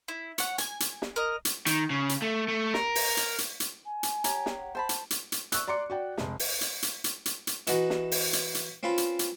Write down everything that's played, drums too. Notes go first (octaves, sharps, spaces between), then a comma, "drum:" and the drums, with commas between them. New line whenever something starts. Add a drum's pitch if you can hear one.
E4
C#5 F#5, drum: hi-hat
G#5, drum: hi-hat
drum: hi-hat
drum: snare
A#4 D#5
drum: hi-hat
D#3, drum: hi-hat
C#3
drum: hi-hat
A3
A3
A#4, drum: snare
drum: open hi-hat
drum: hi-hat
drum: hi-hat
drum: hi-hat
G#5
drum: hi-hat
G4 C#5 A#5, drum: hi-hat
drum: snare
F#5
C5 A5 B5
drum: hi-hat
drum: hi-hat
drum: hi-hat
C#6 E6 F#6, drum: hi-hat
D5 A#5 C6 D6 C#7
F#4 D5 G5
F1 G#3, drum: snare
drum: open hi-hat
drum: hi-hat
drum: hi-hat
drum: hi-hat
drum: hi-hat
drum: hi-hat
E3 D#4 F#4, drum: hi-hat
drum: snare
drum: open hi-hat
drum: hi-hat
drum: hi-hat
C4 C#4 F4 B4
drum: hi-hat
drum: hi-hat